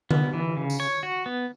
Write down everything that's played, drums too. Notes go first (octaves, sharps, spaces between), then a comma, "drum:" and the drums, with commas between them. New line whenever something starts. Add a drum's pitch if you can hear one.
B3, drum: tom D3
E3
C#3
drum: tambourine
C#5
F#4
B3